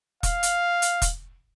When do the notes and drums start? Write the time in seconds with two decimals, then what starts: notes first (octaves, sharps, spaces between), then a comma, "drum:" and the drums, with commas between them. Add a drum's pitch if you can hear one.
0.23 F5, drum: kick E1, hi-hat
0.43 drum: hi-hat
0.82 drum: hi-hat
1.02 drum: kick E1, hi-hat